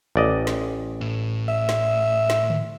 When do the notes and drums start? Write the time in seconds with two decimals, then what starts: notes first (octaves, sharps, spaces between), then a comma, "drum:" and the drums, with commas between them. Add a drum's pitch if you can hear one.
0.16 A1 D5 D#5
0.47 drum: snare
1.01 A2
1.48 E5
1.69 drum: snare
2.30 drum: snare
2.50 drum: tom D3